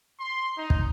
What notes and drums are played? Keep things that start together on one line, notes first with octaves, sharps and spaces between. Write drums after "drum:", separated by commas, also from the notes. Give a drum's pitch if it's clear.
C6
D#4
drum: kick